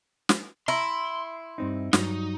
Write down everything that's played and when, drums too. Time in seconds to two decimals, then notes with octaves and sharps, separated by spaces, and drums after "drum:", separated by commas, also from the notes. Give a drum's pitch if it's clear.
0.29 drum: snare
0.68 E4 A#5 C6
1.58 G2 C4 D#4
1.93 G2 F#3 D#4, drum: snare